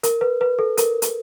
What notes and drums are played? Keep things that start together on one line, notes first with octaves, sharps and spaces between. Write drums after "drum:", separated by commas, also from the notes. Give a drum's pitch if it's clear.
A#4, drum: hi-hat
B4
B4
A4
A#4, drum: hi-hat
drum: hi-hat